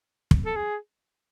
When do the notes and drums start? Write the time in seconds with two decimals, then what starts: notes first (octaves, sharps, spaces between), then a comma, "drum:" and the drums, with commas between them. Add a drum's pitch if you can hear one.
0.31 drum: kick
0.46 A4
0.56 G#4